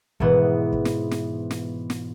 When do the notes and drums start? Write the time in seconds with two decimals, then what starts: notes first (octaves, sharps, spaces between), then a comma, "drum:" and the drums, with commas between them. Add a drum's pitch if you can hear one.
0.20 G#2 B2 E3 B3, drum: kick
0.72 drum: kick
0.85 drum: snare
1.11 drum: snare
1.51 drum: snare
1.90 drum: snare